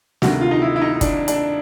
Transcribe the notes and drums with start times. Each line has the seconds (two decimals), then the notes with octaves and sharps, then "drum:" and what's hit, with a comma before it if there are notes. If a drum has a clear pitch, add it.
0.22 D2 C3 D#3 F#4, drum: snare
0.41 F4
0.51 D#4
0.62 E4
0.76 E4
0.81 D#4
1.01 D4, drum: kick, hi-hat
1.28 D4, drum: hi-hat